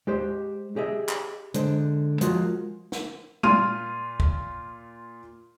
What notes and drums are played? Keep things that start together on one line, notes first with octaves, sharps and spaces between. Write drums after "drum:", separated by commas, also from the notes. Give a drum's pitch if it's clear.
G#3 G4 C5
G4 G#4 D#5 E5
drum: clap
D3 G#3 C5, drum: hi-hat
F3 G#3 A#3 F4 F#4, drum: hi-hat
drum: snare
A#2 F4 C6 F6 D#7, drum: tom G3
drum: kick